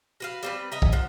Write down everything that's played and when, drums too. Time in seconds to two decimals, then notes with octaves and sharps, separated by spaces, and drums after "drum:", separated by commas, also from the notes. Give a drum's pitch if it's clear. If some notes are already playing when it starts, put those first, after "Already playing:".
0.20 F#4 B4 F5
0.43 G3 C4 B4
0.72 D#5 E5 A#5
0.82 drum: kick
0.92 F3 F#5